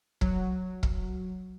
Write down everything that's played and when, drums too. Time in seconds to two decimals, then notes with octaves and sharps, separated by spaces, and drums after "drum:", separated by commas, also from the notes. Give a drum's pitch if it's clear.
0.21 F#3, drum: kick
0.83 drum: kick